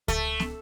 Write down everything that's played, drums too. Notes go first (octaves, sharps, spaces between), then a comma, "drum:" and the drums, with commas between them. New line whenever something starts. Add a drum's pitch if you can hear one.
A3, drum: kick C#2, hi-hat
drum: snare